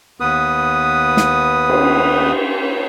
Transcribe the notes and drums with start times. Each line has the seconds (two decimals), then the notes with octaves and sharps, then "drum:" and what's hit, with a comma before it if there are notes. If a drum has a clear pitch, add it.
0.20 D#2 B3 B4 D#6
1.17 drum: snare
1.69 drum: cymbal